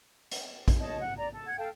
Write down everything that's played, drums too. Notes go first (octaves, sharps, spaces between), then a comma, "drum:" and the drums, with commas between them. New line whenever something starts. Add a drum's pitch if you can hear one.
drum: hi-hat
drum: kick A#1, hi-hat
C#5 D#5 A5
F#5
D5 A#5
A4
F#5 G#6
A4 F5 G5 A5